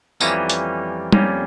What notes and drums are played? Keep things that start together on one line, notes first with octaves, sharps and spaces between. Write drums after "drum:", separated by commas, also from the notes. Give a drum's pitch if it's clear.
F2 E3 G3 A#3 C#4, drum: tambourine
drum: hi-hat
F2 E3 G3 A#3 C#4, drum: tom G3